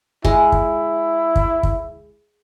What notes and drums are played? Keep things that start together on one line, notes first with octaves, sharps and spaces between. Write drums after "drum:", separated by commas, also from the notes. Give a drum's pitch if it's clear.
G#3 E4, drum: kick
drum: kick
drum: kick
drum: kick